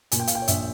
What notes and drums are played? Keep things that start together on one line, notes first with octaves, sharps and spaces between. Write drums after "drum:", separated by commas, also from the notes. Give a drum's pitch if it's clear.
A#2 G#5, drum: hi-hat
G5
F5, drum: hi-hat
G5
C#5
A#1 E5, drum: hi-hat